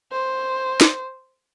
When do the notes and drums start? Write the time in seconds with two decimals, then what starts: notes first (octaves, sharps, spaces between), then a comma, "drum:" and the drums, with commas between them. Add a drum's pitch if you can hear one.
0.12 C5
0.81 drum: snare